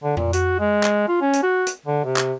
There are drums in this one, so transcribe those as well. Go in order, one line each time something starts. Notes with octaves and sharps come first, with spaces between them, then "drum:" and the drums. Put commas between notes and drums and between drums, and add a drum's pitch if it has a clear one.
D3
A#2, drum: tom F2
F#4, drum: hi-hat
G#3
drum: clap
F4
C#4
drum: hi-hat
F#4
drum: hi-hat
D3
C3
drum: clap